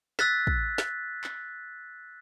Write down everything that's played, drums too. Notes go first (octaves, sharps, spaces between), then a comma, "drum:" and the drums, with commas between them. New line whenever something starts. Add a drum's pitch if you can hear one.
E6 F#6 A6 B6, drum: snare
drum: kick
drum: snare
drum: clap